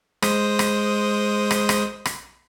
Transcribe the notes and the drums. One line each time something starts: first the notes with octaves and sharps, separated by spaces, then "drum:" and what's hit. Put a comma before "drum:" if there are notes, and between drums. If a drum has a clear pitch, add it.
G#3 C5 D#6, drum: rim click
drum: rim click
drum: rim click
drum: rim click
drum: rim click